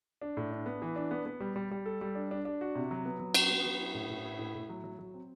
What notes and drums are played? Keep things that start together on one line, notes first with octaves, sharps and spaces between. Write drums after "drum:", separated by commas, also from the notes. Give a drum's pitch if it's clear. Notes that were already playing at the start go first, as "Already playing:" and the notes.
D4
A2
D4
B3
E3
D4
B3
B3
G3
G3
G3
A4
G3
D4
D4
D4
F#4
C3
F#3
B3
F#3
F#4, drum: cymbal
B3
F#3
E4
A2
A2
E4
A2
A2
F#3
F#3
F#3
C4